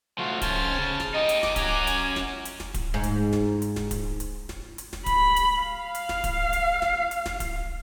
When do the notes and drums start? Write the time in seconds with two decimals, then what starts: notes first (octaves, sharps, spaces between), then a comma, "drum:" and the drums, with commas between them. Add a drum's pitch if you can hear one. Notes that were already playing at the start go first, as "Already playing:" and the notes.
0.19 F3 A3 F#4 F5
0.42 C#4 C5 A5 F6, drum: kick D1, hi-hat
0.78 C#3
1.00 drum: snare
1.14 D#4 G4 D#5
1.29 drum: hi-hat
1.43 D6, drum: snare
1.56 C#4 F#4 G#5 A#5 D6, drum: kick D1, hi-hat
1.87 drum: hi-hat
2.16 drum: snare
2.45 drum: hi-hat
2.60 drum: snare
2.74 drum: kick D1, hi-hat
2.94 G#2
3.04 drum: hi-hat
3.33 drum: snare
3.62 drum: hi-hat
3.76 drum: snare
3.91 drum: kick D1, hi-hat
4.20 drum: hi-hat
4.49 drum: snare
4.78 drum: hi-hat
4.93 drum: snare
5.06 B5, drum: kick D1, hi-hat
5.36 drum: hi-hat
5.62 F5
5.95 drum: hi-hat
6.09 drum: snare
6.24 drum: kick D1, hi-hat
6.53 drum: hi-hat
6.82 drum: snare
7.11 drum: hi-hat
7.26 drum: snare
7.40 drum: kick D1, hi-hat